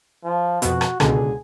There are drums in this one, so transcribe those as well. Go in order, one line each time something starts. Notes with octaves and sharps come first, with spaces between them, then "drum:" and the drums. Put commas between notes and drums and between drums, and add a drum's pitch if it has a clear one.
F3
F2 B2 F#4, drum: hi-hat
drum: rim click
C#2 B2 D3 G#4, drum: rim click